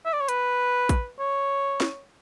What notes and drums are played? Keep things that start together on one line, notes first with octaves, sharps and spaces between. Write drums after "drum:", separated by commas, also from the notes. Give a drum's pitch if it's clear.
E5
D5
C#5
B4, drum: hi-hat
drum: kick, hi-hat
C#5
drum: snare